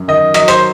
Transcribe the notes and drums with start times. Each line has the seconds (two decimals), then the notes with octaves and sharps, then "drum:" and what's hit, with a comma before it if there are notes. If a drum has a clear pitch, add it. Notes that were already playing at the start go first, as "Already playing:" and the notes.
Already playing: F#2
0.08 D#3 D#5
0.34 F#3 D#5, drum: hi-hat
0.48 C5, drum: hi-hat